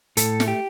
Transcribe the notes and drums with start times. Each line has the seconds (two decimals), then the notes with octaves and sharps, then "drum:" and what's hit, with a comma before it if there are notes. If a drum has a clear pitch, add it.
0.17 A2 A4, drum: hi-hat
0.40 A3, drum: snare
0.48 G4